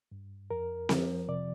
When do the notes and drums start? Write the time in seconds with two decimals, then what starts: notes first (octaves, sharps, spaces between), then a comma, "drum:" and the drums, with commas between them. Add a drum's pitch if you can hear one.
0.12 G2
0.50 F2 A#4
0.89 F3, drum: snare C4
1.28 C3 D5